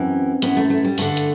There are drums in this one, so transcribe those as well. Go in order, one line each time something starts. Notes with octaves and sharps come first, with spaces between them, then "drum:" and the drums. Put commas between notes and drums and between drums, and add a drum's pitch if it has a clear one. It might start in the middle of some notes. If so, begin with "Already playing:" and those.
Already playing: F#2 E3 C4
F#2 E3 B3, drum: hi-hat
A3
A3
G3
G2 D3 A3, drum: open hi-hat
drum: hi-hat